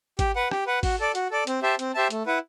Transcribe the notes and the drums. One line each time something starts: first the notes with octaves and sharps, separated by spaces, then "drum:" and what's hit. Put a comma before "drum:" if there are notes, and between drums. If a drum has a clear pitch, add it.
G4, drum: kick G#1, hi-hat
B4 F#5
G4, drum: rim click
B4 F#5
F#4, drum: kick G#1, open hi-hat
A4 D5
F#4, drum: hi-hat
A4 D5
C4, drum: hi-hat
G4 C5 E5 A5
C4, drum: hi-hat
G4 C5 E5 A5
A3, drum: hi-hat
E4 B4 F#5